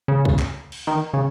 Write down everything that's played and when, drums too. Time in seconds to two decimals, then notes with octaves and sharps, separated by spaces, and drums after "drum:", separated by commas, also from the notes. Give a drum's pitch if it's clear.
0.08 C#3
0.25 drum: kick C2
0.39 drum: clap
0.72 drum: cymbal
0.87 D#3
1.14 C#3